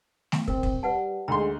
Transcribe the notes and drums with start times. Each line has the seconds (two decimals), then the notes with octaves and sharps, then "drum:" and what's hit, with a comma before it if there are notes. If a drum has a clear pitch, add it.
0.32 drum: snare A3
0.48 C4 A#4, drum: kick
0.63 drum: kick
0.83 G3 B4 F#5 A5
1.28 D2 G#3 A#5 C6